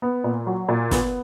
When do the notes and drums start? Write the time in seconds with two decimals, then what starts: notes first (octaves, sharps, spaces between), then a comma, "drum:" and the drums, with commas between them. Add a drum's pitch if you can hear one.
0.02 B3
0.24 A#2
0.47 F#3
0.69 A#2
0.91 B3, drum: snare